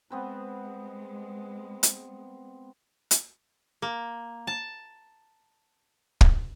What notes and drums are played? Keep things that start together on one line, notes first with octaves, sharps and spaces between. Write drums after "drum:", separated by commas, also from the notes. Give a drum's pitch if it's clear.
G#3 B3 C4 B4
drum: hi-hat
drum: hi-hat
A#3
A5
drum: kick